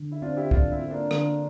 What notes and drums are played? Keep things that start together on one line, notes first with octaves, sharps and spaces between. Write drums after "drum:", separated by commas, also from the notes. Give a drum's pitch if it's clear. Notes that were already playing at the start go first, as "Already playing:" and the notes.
Already playing: D3
E4
C4 D4 F4
E4 G4
A3 D4 F4, drum: kick
C4 E4
F4
A#3 D4
D3, drum: rim click